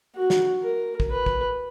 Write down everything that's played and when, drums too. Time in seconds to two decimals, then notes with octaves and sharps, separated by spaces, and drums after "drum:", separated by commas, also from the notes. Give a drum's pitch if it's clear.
0.16 F#4
0.30 drum: snare
0.63 A#4
1.00 drum: kick
1.11 B4
1.26 drum: kick